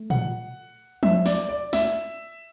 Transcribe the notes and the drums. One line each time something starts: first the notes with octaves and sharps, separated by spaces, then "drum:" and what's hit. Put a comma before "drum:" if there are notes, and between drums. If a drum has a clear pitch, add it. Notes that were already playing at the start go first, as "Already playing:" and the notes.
Already playing: A3
F#5, drum: tom A#2
E5, drum: tom F3
D5, drum: snare
D5
E5, drum: snare